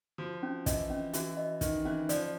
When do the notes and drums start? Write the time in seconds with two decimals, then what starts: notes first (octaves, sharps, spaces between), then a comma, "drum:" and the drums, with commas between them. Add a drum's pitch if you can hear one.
0.18 F3 F#4
0.43 C#4
0.66 E3 D#5, drum: kick, hi-hat
0.90 C#4
1.13 E3 F#4, drum: hi-hat
1.37 D#5
1.61 D#3 D#5, drum: kick, hi-hat
1.85 E3 C#4
2.09 F3 D5, drum: hi-hat